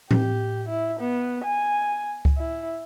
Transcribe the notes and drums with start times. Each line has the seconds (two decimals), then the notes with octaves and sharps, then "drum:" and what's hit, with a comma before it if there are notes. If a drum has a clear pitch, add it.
0.11 G4, drum: tom
0.69 E4
1.00 B3
1.44 G#5
2.25 drum: kick C#2
2.38 E4